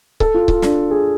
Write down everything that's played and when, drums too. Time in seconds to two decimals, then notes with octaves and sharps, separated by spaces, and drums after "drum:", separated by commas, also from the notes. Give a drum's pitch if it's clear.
0.20 A4, drum: kick C#1
0.34 F4
0.48 F4, drum: kick C#1
0.62 D4, drum: snare
0.91 G#4